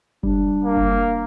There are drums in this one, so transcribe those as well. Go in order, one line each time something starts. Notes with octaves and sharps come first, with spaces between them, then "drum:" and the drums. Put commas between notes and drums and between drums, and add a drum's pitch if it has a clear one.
G3 D4, drum: kick F#1
A#3
drum: kick F#1